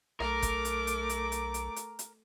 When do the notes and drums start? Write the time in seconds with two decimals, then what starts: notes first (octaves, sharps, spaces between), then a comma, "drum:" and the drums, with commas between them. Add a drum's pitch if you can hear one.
0.20 B1 A3 A#4 D6, drum: rim click
0.42 drum: kick G1, hi-hat
0.65 drum: hi-hat
0.87 drum: hi-hat
1.09 drum: hi-hat
1.32 drum: hi-hat
1.54 drum: hi-hat
1.76 drum: hi-hat
1.99 drum: hi-hat